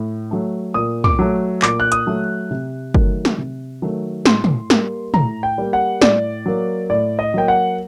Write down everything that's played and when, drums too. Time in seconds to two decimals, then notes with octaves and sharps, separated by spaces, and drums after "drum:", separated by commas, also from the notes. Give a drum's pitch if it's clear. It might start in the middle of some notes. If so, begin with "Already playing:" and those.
Already playing: A2
0.31 F#3 A3
0.74 A#2 D#6
1.04 D6, drum: tom
1.19 F#3 A3
1.62 A#2 D6, drum: clap
1.80 F#6
1.92 D#6, drum: hi-hat
2.07 F#3 A3
2.51 C3
2.94 D#3 F#3 A3, drum: kick G1
3.25 drum: snare
3.38 C3
3.82 D#3 F#3 A3
4.25 A2 C6, drum: snare
4.44 drum: tom
4.70 G3 A#3, drum: snare
5.14 A2 A#5, drum: tom
5.43 G5
5.58 G3 A#3
5.73 F#5
6.02 A2 D5, drum: snare
6.46 F#3 A#3
6.90 A2 D5
7.19 D#5
7.34 F#3 A#3 G5
7.48 F#5